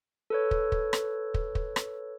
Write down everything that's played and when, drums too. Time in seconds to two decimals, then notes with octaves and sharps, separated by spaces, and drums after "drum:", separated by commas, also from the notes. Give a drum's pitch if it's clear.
0.30 A4 B4 C#5
0.51 drum: kick
0.72 drum: kick
0.93 drum: rim click
1.34 drum: kick
1.55 drum: kick
1.76 drum: rim click